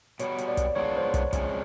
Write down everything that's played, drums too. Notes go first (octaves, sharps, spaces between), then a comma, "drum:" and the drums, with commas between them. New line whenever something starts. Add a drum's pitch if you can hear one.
B2 G3 B3 C#5, drum: hi-hat
drum: hi-hat
D5
drum: kick, hi-hat
D#3 G#3 B3 D4 F4 C#5
C5
C#5
drum: kick, hi-hat
F2 C#3 F3 G#3, drum: kick, hi-hat